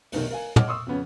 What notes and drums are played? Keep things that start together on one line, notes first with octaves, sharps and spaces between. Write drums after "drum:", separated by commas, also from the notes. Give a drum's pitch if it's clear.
F1 B1 D#3, drum: open hi-hat
A#4 F5 G#5
C#5 D#5 F#5 D6 F6, drum: tom
C6 C#6 D#6 E6
F2 C#3 B3 C#4